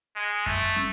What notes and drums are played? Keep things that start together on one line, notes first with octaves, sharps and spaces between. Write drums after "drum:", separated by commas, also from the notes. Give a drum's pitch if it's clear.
G#3
A3, drum: kick F#2
drum: snare